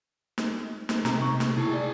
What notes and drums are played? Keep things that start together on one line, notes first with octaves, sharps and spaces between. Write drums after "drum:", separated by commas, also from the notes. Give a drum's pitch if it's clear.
drum: snare
drum: snare
C3 A#5, drum: snare
C#6
drum: snare
E4 G#4 A5
D5